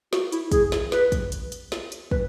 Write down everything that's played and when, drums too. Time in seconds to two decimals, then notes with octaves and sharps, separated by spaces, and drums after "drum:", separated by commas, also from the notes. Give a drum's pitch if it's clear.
0.13 F#4, drum: snare
0.32 E4, drum: hi-hat
0.52 G#4, drum: kick, hi-hat
0.72 drum: snare
0.92 B4, drum: snare
1.12 drum: kick, hi-hat
1.32 drum: hi-hat
1.52 drum: hi-hat
1.72 drum: snare
1.92 drum: hi-hat
2.11 B4, drum: kick